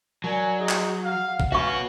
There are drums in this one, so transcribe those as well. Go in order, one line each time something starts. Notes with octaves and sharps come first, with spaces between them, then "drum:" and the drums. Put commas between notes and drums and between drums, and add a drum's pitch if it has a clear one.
F#3 A#4 D5 G#5
D#4 G#4
drum: clap
F5 F#5
drum: kick
C#4 F#4 B4 F5 C#6